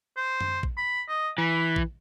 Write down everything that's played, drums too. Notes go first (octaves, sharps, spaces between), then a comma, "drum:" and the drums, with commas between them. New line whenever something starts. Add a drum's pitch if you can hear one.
C5
drum: tom F#2
drum: kick
B5
D#5
E3 B5
drum: kick